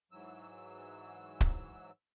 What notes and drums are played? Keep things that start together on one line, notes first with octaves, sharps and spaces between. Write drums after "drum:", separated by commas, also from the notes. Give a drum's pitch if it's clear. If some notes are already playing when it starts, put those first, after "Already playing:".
G#2 E3 F#3 E6
drum: kick